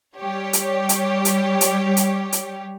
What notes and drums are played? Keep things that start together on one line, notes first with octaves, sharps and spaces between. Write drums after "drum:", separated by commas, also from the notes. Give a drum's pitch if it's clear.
G3 G4 C#5
drum: hi-hat
drum: hi-hat
drum: hi-hat
drum: hi-hat
drum: hi-hat
drum: hi-hat